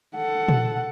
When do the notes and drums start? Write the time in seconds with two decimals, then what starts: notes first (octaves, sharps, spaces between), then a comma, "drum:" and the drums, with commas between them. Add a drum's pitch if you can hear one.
0.15 A4 F#5
0.48 drum: tom A#2